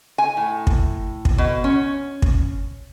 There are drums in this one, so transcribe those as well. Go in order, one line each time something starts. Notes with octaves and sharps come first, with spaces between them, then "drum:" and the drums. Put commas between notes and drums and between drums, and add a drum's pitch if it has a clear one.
G#5
A2
drum: kick
drum: kick
B2
C#4
drum: kick